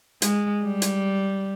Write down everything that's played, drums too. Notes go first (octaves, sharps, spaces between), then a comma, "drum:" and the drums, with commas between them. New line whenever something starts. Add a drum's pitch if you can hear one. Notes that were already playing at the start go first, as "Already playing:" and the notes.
G#3, drum: hi-hat
G3
drum: hi-hat